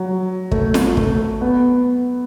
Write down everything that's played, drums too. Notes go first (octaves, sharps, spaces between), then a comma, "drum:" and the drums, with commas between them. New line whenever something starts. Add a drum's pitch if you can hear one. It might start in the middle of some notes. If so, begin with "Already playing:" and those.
Already playing: F#3
A3, drum: kick
drum: snare
A3, drum: kick
B3